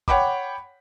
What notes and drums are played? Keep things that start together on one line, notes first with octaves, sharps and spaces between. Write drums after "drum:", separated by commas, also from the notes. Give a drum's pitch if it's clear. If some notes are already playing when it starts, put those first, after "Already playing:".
C#5 F#5 G5 B5 D6, drum: kick